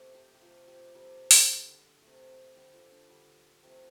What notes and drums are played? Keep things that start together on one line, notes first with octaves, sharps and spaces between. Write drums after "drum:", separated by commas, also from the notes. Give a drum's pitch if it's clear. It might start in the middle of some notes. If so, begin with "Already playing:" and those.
Already playing: C3 A3 A4 D5
G4 C5
G4
C3 A3 F4 A4
G4 C5
C3 G3 A4 D5
drum: open hi-hat
D3 G3
C3 A3
D3 G3 G4 C5
F4 A4
D4
D3 G3
C3 F3 A3 C4